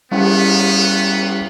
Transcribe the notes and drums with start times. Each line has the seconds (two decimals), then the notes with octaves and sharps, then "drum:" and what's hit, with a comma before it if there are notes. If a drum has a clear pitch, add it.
0.12 G3 B3 C#4 E4, drum: cymbal